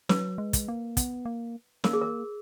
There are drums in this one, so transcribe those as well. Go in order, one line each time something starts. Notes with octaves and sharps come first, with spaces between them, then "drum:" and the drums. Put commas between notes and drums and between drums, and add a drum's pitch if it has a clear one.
F#3 B4, drum: snare
G#3
drum: kick, hi-hat
A#3
B3, drum: kick, hi-hat
A#3
A#3 A#4, drum: snare
G#4
A#4